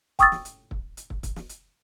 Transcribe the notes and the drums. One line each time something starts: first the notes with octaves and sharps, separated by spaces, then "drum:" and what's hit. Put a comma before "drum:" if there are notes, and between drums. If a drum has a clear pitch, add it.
G5 C#6 D#6 E6 A6, drum: kick, hi-hat
drum: snare
drum: hi-hat
drum: kick
drum: hi-hat
drum: kick
drum: kick, hi-hat
drum: snare
drum: hi-hat